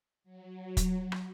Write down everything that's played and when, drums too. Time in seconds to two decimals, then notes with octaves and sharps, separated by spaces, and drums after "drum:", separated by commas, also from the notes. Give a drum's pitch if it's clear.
0.24 F#3
0.77 drum: kick, hi-hat
1.12 drum: rim click